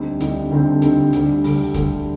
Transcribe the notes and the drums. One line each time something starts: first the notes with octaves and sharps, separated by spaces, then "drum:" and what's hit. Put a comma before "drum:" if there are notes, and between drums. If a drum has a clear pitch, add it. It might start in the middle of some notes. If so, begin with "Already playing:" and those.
Already playing: D2 D3 G3 C4 D#4
D2 D3 G3 C4 D#4, drum: hi-hat
D2 D3 G3 C4 D#4
D2 D3 G3 C4 D#4, drum: hi-hat
D2 D3 G3, drum: hi-hat
D2 D3 G3, drum: open hi-hat
D2 D3 G3, drum: kick, hi-hat